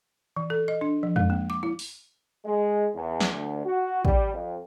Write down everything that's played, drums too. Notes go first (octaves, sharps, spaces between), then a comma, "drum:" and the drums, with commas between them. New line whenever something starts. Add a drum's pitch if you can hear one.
E3
A4
D#5
D4
F3
G#3, drum: tom F2
A#3
D6
E4
drum: open hi-hat
G#3
E2
drum: snare
D2
F#4
G3, drum: kick
F2